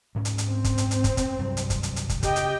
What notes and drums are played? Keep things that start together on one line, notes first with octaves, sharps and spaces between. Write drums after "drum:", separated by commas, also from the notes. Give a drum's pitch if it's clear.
D2 G#2 C#4
drum: hi-hat
drum: hi-hat
C4
drum: kick, hi-hat
drum: hi-hat
drum: hi-hat
drum: kick, hi-hat
drum: kick, hi-hat
C2 G2 F#3
drum: hi-hat
drum: kick, hi-hat
drum: hi-hat
drum: hi-hat
drum: kick, hi-hat
C#3 G4 D#5 G5, drum: kick, hi-hat
drum: hi-hat